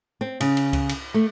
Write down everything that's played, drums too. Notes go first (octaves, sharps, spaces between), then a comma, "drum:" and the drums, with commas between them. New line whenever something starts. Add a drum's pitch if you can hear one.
C4
C#3, drum: cymbal
drum: cymbal
drum: kick C#2, cymbal
drum: cymbal
A3